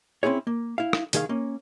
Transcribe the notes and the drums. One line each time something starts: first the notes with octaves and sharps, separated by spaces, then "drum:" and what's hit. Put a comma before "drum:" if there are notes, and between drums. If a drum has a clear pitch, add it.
C4 C#4 E4 G#4 C#5
A#3
E4 F5
drum: rim click
C2 D#3 G#4 C5 F5, drum: hi-hat
A#3 C#4